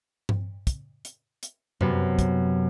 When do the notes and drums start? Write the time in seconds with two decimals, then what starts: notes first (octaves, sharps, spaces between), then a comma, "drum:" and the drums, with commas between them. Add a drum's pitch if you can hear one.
0.29 drum: tom G2
0.67 drum: kick, hi-hat
1.05 drum: hi-hat
1.43 drum: hi-hat
1.81 F#2 C3 B3, drum: tom F2
2.19 drum: kick, hi-hat